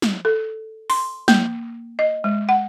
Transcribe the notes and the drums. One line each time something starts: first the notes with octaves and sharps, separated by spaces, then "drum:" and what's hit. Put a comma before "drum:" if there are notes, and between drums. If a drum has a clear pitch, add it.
drum: snare
A4
C6, drum: open hi-hat
A#3, drum: snare
D#5
G#3
F#5